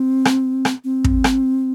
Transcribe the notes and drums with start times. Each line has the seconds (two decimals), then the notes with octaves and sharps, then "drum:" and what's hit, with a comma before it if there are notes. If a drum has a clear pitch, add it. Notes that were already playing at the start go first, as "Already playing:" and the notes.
Already playing: C4
0.25 drum: rim click
0.65 drum: rim click
0.84 C4
1.04 drum: kick
1.24 drum: rim click